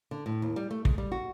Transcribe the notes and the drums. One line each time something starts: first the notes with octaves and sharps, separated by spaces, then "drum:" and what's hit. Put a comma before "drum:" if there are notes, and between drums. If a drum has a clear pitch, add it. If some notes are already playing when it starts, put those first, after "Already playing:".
D3
A2
D#2
G3
A3
G#3, drum: kick
G3
F#4